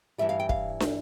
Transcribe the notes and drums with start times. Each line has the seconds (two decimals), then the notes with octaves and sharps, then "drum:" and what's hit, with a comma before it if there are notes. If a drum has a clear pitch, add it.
0.18 G2 E3 G3 E5
0.29 F5
0.40 G5
0.49 F5, drum: kick
0.80 drum: snare